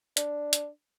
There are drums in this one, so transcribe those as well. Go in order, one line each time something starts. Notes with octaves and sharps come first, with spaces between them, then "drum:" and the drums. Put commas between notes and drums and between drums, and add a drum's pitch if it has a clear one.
D4, drum: hi-hat
drum: hi-hat